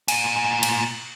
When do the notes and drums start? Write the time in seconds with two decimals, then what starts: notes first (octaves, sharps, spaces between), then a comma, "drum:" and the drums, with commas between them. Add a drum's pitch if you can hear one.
0.08 A#2 G#5, drum: cymbal
0.63 drum: cymbal